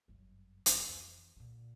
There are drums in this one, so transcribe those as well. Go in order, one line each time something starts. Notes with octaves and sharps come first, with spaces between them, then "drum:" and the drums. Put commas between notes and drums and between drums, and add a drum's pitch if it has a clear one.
G1 F#2
F1, drum: hi-hat
F2 E3
A#2 D3